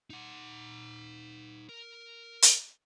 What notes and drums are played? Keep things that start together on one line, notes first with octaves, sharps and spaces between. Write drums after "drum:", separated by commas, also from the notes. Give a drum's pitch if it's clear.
D#4 F#5
A#4
drum: hi-hat